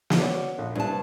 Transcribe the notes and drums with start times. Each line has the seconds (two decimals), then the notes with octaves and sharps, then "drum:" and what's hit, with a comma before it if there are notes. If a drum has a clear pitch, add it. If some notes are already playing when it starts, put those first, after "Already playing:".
0.10 drum: snare
0.20 F#4 C#5 D5
0.58 A#1
0.75 G2 C3 D4 A5